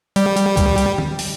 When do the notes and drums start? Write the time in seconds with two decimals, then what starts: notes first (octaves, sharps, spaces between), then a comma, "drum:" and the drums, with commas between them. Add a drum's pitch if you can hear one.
0.16 G3, drum: hi-hat
0.37 drum: hi-hat
0.57 drum: kick C#2, hi-hat
0.78 drum: hi-hat
0.98 drum: tom D3
1.19 drum: open hi-hat